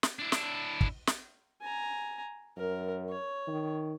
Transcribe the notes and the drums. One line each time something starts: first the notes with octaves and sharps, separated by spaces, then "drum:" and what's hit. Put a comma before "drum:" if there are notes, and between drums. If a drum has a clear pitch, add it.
drum: snare
D4 E4
drum: snare
drum: kick
drum: snare
G#5 A#5
F#2 A#4
C#5
D#3